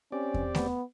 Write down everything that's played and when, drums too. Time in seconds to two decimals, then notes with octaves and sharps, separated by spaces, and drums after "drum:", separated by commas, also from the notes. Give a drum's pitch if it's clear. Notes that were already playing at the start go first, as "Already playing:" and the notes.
0.12 C4 C#4 G4 D5
0.34 drum: kick E2
0.55 B3, drum: snare A3